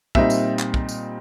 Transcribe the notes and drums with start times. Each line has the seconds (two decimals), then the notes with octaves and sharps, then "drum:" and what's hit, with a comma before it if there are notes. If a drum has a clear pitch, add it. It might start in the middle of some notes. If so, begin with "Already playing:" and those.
0.15 A#2 G3 C4 D#4 E5, drum: kick
0.30 drum: tambourine
0.59 drum: clap
0.74 drum: kick
0.89 drum: tambourine